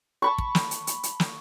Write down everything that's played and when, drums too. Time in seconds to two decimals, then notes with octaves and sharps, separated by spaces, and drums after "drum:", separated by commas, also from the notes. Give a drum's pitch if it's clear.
0.22 A5 B5 C#6
0.38 drum: kick
0.55 drum: snare
0.71 drum: hi-hat
0.87 drum: hi-hat
1.03 drum: hi-hat
1.20 drum: snare